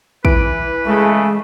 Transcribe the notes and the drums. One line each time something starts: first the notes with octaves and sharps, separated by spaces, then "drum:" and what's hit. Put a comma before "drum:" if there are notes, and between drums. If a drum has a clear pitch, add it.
E3 B4 D7, drum: kick
C#3 G#3 A3